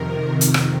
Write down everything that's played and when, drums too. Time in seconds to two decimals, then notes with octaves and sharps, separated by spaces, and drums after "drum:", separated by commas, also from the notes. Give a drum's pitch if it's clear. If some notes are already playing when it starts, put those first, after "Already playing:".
Already playing: F2 C3 D#3 A#4
0.41 drum: hi-hat
0.54 drum: rim click